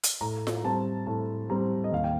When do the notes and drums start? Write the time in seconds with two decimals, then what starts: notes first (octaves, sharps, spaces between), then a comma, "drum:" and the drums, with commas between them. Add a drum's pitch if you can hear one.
0.04 drum: hi-hat
0.21 A2 A#5
0.47 drum: snare F4
0.63 G3 C4 A5
1.06 A2 A5
1.50 G3 C4 A#5
1.84 D#5
1.92 D#2 F5
2.04 G5